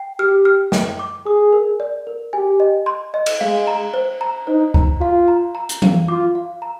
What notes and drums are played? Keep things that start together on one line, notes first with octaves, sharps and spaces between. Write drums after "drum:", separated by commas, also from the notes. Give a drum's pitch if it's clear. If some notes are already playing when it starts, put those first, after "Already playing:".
Already playing: G5
G4 F6
F6
G5, drum: snare
D6
G#4 D#6
A#4
D5
A#4
G4 G#5
D#5
C6
D#5
drum: cymbal
G#3 F5
A#5
C5
A#5
D#4 C5
A#5, drum: kick
F4 F5
A#5
A#5
drum: hi-hat
F5, drum: tom E3
F4 D6
F5
A#5